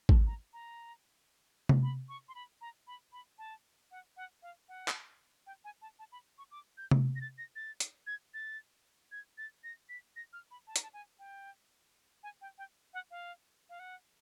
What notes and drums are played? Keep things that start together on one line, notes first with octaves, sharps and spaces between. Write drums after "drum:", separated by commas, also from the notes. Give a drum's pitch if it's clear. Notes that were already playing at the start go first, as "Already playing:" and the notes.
A5, drum: kick
A#5
A#5
drum: tom C3
B5
C#6
C6
B5
A#5
B5
B5
A5
F#5
F#5
F5
F#5
drum: clap
G5
G#5
A5
A5
B5
C#6
D6
G6
drum: tom C3
A#6
A6
A#6
A6
drum: hi-hat
G#6
A6
G#6
A6
A#6
B6
A#6
F6
B5
A5
A#5, drum: hi-hat
A5
G#5
G5
G#5
G5
G5
F#5
F5
F5
F#5